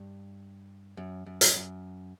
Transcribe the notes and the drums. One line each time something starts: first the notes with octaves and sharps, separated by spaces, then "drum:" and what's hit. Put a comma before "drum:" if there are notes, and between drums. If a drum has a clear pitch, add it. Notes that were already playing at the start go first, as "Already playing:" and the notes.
Already playing: G2
F#2
F#2
drum: hi-hat
F#2